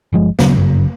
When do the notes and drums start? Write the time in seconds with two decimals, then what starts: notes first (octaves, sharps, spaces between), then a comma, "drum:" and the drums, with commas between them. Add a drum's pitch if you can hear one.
0.13 G1 F3 G#3
0.39 D#1 C#3 F#3 B3, drum: snare
0.57 G1 F#2 C#3